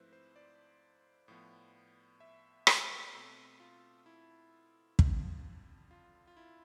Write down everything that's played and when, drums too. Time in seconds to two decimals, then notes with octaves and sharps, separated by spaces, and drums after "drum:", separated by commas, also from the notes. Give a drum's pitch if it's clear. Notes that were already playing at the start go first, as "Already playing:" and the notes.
Already playing: G#2 F3 A3 C4 E4 B4 C5
0.13 C5
0.36 D5
1.28 A2 F3 B3
2.20 E5
2.67 C5, drum: rim click
2.90 B4
3.13 B2 A3 C4 A4
3.60 F4
4.06 E4
4.99 F2 D3 F3, drum: kick
5.91 F4
6.27 F4
6.37 E4